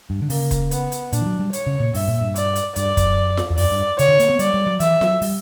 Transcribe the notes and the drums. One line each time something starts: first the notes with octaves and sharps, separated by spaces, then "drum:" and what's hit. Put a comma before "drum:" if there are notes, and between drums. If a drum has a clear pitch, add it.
G2
D3
C#3 A#3, drum: open hi-hat
drum: kick, hi-hat
B3, drum: hi-hat
drum: hi-hat
A#2 D4, drum: hi-hat
E3
F#3
G3
C#5, drum: hi-hat
C#3
A#2
G2 E5, drum: open hi-hat
A#2
G2
D5, drum: hi-hat
drum: hi-hat
G2 D5, drum: hi-hat
F#2, drum: kick, hi-hat
drum: snare F4
E2
F#2 D5, drum: open hi-hat
G2
C#3 C#5, drum: hi-hat
D3
A#3, drum: hi-hat
B3
G3 D5, drum: hi-hat
G3
F#3
E3 E5, drum: hi-hat
F#3, drum: snare F4
G3, drum: open hi-hat